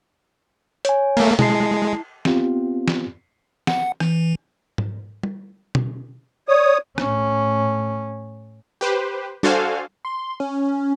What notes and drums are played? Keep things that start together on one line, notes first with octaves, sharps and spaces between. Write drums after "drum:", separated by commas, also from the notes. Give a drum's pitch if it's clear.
C#5 G#5, drum: hi-hat
A3 A#3, drum: cymbal
G#3 E4 A5 C7, drum: tom B2
B3 C4 F4 G4, drum: snare
drum: snare
F#5, drum: snare
E3, drum: rim click
drum: tom G#2
drum: tom G3
drum: tom B2
C#5 D5 D#6
A2 C#4, drum: rim click
G4 B4 C5
D4 F#4 A4 C5 F5 G#5, drum: tom G3
C6
C#4